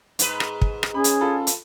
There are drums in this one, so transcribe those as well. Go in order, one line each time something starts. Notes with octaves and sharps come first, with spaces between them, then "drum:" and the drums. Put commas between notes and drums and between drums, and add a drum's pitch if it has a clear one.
G#2 B4, drum: hi-hat
drum: rim click
drum: kick
drum: rim click
C#4 G#4 B5
drum: hi-hat
F4 A4 B5
drum: hi-hat